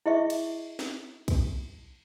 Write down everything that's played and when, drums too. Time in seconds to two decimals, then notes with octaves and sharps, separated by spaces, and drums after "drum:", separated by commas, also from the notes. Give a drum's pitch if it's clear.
0.06 E4 G#4 D#5 E5 C#6
0.30 drum: cymbal
0.79 drum: snare
1.28 drum: kick, cymbal